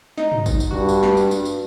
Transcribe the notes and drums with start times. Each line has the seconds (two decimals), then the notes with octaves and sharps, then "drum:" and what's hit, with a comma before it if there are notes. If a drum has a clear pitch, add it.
0.18 D#4, drum: snare
0.32 drum: tom
0.46 drum: kick, tambourine
0.60 drum: tambourine
0.71 G2 F#4
0.89 drum: tambourine
1.03 drum: snare
1.17 drum: tambourine
1.31 drum: tambourine
1.45 drum: tambourine